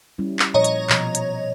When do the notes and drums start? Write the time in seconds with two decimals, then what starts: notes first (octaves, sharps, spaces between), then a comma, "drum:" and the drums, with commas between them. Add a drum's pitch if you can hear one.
0.18 G3 C#4 E4
0.39 drum: clap
0.54 A#2 F3 C#5 D#5 A#5
0.64 drum: hi-hat
0.90 B2 F3, drum: clap
1.15 drum: hi-hat